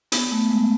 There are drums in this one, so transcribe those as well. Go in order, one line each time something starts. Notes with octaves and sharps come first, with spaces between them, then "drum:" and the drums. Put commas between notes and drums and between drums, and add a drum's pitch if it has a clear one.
B3, drum: hi-hat
A3
G#3